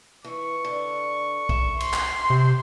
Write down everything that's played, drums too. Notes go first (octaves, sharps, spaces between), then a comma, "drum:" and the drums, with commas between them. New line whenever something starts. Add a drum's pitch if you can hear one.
E3 C#6
D3
E5, drum: kick B1
C6, drum: cymbal
drum: clap
C3 C5